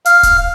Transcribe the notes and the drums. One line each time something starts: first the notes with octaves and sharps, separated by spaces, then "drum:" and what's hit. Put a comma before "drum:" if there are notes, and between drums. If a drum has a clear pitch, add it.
F5, drum: hi-hat
drum: kick D1, hi-hat